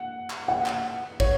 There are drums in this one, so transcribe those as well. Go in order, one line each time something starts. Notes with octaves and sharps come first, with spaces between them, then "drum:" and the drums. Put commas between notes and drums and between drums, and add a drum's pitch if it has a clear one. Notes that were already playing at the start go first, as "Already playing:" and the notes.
Already playing: F#5
drum: clap
F#5
drum: clap
C#5, drum: kick